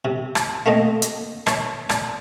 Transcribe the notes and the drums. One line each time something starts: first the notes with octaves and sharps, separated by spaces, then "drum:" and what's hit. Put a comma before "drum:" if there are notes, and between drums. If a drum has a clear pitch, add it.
C3
drum: rim click
A3 A#3 C4 D#5
drum: hi-hat
C#5 E5 C6, drum: rim click
D5, drum: rim click